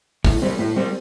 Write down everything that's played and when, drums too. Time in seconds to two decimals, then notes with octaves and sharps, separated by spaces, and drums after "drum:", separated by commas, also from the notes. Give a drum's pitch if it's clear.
0.25 A2, drum: kick, open hi-hat
0.42 G3 C4
0.59 A2
0.76 G3 C4